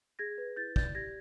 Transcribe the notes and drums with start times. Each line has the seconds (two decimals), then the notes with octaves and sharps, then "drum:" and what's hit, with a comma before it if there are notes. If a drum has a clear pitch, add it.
0.19 G#4 G#6 A#6
0.38 B4
0.56 E4 G6 A6
0.76 D5 G6 A6, drum: kick
0.95 G4 G#6 A#6